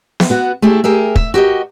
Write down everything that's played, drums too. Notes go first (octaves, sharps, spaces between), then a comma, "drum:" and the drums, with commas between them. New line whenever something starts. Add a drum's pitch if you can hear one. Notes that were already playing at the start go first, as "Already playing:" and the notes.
drum: snare
B3 F#4
A3 E4 G4 G#4
G4 G#4 A#4 E5
E5, drum: kick
F#4 G4 A#4 D#5